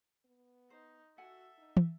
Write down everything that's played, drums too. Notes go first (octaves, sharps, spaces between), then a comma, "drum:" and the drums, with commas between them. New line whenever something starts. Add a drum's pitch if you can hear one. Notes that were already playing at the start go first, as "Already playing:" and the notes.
B3
D#4 C5
F#4 A4 E5 F#5 G#5
D#4
drum: tom